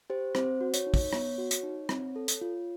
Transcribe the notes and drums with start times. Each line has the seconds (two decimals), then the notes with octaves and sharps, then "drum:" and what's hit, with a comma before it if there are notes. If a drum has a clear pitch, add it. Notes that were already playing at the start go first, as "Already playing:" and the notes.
0.10 G4 C5
0.35 C4 C5, drum: rim click
0.61 F#4
0.74 C#5, drum: hi-hat
0.87 D#4
0.94 C#5, drum: kick, open hi-hat
1.13 B3 C#5, drum: rim click
1.38 F#4
1.51 drum: hi-hat
1.63 D#4
1.89 C4, drum: rim click
2.16 A4
2.28 drum: hi-hat
2.41 F4